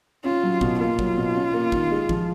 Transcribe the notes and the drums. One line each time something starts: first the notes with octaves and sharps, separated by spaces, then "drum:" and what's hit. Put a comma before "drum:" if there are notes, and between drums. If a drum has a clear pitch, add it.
C#4 F4
F#3
B2, drum: kick
A#3 F4
F#3, drum: kick
B2
C#4
A#3
D#3, drum: kick
G#3
F3, drum: kick